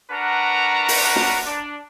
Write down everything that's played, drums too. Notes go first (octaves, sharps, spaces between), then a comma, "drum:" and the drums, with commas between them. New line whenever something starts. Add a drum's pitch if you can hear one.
D4 F#4 A#4 B4 F#5 A#5
drum: open hi-hat
drum: snare
D4